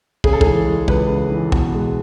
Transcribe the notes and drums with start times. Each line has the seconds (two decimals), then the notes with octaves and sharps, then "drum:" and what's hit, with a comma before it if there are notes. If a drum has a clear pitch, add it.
0.24 C#3 G#4, drum: kick
0.33 A4
0.41 G#4, drum: kick
0.46 E3
0.67 G#3
0.88 C#2 B4, drum: kick
1.09 C#3
1.31 E3
1.52 B2, drum: kick
1.74 G#3